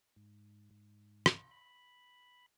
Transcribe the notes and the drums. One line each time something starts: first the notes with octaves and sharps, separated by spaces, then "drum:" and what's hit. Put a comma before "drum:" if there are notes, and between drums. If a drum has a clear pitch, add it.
G#2
G#2
drum: rim click
B5